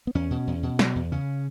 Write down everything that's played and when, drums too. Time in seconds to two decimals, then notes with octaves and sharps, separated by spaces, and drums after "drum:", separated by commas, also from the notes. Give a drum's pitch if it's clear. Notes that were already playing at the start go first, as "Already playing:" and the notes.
0.07 B3
0.15 E2 C#4
0.31 B2
0.47 E2
0.63 B2
0.79 B2, drum: snare
0.95 E2
1.12 C#3 C#4